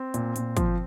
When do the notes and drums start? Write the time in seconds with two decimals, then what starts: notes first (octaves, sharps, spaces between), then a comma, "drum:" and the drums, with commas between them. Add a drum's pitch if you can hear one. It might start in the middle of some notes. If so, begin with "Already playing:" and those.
Already playing: C4
0.14 A#2, drum: hi-hat
0.36 A#2, drum: hi-hat
0.57 F3, drum: kick, hi-hat